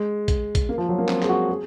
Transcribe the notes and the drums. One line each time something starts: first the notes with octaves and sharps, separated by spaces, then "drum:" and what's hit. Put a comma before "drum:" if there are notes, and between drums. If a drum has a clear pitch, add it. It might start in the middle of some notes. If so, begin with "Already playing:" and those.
Already playing: G#3
drum: kick, hi-hat
drum: kick, hi-hat
A#3
F3
F#3
A#3
C4, drum: clap
G#4, drum: clap
F#4
G#4